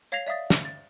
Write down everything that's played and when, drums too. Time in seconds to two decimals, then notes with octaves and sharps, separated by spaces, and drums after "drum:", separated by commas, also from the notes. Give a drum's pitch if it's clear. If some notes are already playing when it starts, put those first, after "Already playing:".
0.12 C#5 F5 G#6 A#6 C7 F7
0.27 D5 E5 F5 D#6 A6
0.50 drum: snare
0.65 A6